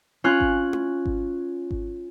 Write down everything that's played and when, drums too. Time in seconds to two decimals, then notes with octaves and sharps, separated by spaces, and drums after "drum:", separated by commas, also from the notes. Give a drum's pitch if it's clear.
0.24 C#4 F4 F#6
0.40 drum: kick G#1
0.73 drum: tom E4
1.06 drum: kick G#1
1.71 drum: kick G#1